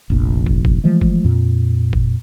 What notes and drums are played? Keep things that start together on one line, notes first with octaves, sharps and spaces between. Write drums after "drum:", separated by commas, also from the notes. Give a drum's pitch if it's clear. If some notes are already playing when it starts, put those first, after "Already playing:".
F1 A#1
drum: kick
drum: kick
E3 F3 G#3 A3
drum: kick
F2 A#2
drum: kick